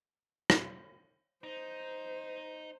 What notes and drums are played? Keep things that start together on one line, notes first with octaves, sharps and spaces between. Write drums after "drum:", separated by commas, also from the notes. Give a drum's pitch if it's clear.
drum: rim click
D#4 C5